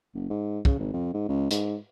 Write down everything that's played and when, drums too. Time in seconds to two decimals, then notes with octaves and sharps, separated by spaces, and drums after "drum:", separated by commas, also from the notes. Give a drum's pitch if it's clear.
0.14 F#1
0.30 G#2
0.65 C#3, drum: kick
0.79 G#1
0.93 F2
1.14 G#2
1.28 C#2
1.51 G#2, drum: hi-hat